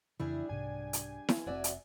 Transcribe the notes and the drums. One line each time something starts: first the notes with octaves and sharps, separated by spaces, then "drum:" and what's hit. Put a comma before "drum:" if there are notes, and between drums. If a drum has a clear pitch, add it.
F2 C#3 E3 G3 D4 E4 G#4
C2 G#2 C3 G#5
drum: hi-hat
drum: snare E4
F1 C3 C4 F#4 D5 E5
drum: hi-hat